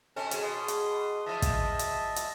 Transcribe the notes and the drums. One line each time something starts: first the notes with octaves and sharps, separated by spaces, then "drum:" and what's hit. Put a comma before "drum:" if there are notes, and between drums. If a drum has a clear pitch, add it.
B2 C4 C#4 A4
B2 G#4, drum: hi-hat
C6 D#6
drum: hi-hat
E3 F3 D#5 E5 A5
drum: kick, hi-hat
drum: hi-hat
drum: hi-hat